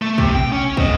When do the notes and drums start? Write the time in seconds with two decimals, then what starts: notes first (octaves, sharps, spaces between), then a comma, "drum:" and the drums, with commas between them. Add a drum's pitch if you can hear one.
0.02 A3
0.18 C3, drum: kick
0.35 G5
0.52 C#4
0.77 C5 D#5, drum: kick